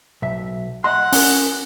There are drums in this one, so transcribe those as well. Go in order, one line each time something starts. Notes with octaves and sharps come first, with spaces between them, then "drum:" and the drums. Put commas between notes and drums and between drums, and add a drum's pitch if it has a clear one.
B1 E5
D#5 E5 F#5 C6
C#4 A#4, drum: open hi-hat